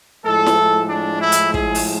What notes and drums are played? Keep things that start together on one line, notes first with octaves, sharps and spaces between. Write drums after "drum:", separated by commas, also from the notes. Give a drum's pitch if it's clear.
A2 F3 G#3 A4
drum: snare E4
D4
E4
drum: hi-hat
G#4, drum: kick
drum: open hi-hat